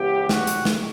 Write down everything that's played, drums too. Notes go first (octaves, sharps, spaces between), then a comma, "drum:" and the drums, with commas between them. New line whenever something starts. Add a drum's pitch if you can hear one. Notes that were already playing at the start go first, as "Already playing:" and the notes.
Already playing: C#2 C#3 E3 B3 G4
F#4, drum: snare
drum: hi-hat
drum: snare